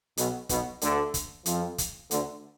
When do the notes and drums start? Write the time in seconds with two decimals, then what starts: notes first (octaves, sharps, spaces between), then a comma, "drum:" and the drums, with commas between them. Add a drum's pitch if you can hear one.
0.17 B1 B2, drum: hi-hat
0.49 B1 B2, drum: kick, hi-hat
0.81 D2 D3, drum: hi-hat
1.14 drum: kick, hi-hat
1.46 F2 F3, drum: hi-hat
1.78 drum: kick, hi-hat
2.11 D2 D3, drum: hi-hat